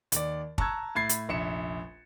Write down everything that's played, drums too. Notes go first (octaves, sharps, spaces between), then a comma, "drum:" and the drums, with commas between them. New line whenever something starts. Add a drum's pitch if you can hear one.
D#2 D5, drum: hi-hat
A5 A#5 C#6 E6 F#6 G#6, drum: kick
A2 B5 G#6 A6 C7
drum: hi-hat
F1 A#1 E5 C#7 E7